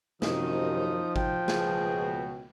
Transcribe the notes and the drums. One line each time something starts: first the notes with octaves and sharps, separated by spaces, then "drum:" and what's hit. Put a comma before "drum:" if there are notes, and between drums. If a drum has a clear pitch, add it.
F#2 C3 D#3 F3 D#4 D#6, drum: snare
G5, drum: kick G#1
C#2 B2 G#4, drum: snare